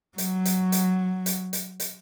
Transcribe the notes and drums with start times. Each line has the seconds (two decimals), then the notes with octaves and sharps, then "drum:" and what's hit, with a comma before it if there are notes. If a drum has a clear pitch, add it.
0.18 F#3, drum: hi-hat
0.45 drum: hi-hat
0.72 drum: hi-hat
1.26 drum: hi-hat
1.53 drum: hi-hat
1.80 drum: hi-hat